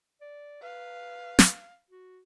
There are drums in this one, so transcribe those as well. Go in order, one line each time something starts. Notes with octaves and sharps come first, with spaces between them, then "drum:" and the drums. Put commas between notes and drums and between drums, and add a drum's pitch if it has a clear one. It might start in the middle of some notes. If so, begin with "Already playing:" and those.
D5
B4 F5
drum: snare
F#4